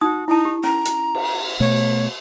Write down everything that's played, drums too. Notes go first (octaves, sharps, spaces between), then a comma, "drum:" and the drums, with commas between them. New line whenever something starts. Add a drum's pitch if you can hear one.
D#4 F#4 D#6
D#4 E4 A5
G4
C#4 A#5
drum: hi-hat
drum: cymbal
B2 A3 C#5